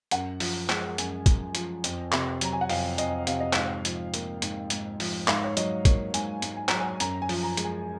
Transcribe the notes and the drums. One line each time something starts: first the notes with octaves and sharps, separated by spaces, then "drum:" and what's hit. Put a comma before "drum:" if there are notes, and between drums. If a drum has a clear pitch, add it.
F#2 F#5, drum: hi-hat
F3, drum: open hi-hat
G#3, drum: clap
F#2 G#5, drum: hi-hat
F#2, drum: kick, hi-hat
F3, drum: hi-hat
F2, drum: hi-hat
C3, drum: clap
F#3 A#5, drum: hi-hat
G#5
F#5
F2 F5, drum: open hi-hat
F2 D#5, drum: hi-hat
C3 F5, drum: hi-hat
D#5
G#2 F5, drum: clap
F3, drum: hi-hat
A#3, drum: hi-hat
G#2, drum: hi-hat
G#2, drum: hi-hat
F3, drum: open hi-hat
G#2 F5, drum: clap
C#5
F#3 D#5, drum: hi-hat
A#3 C#5, drum: kick, hi-hat
G#2 G#5, drum: hi-hat
G#2, drum: hi-hat
G#5
F#3 A#5, drum: clap
G#5
F#2 A#5, drum: hi-hat
G#5
F3, drum: open hi-hat
A#5
G#3, drum: hi-hat
G#5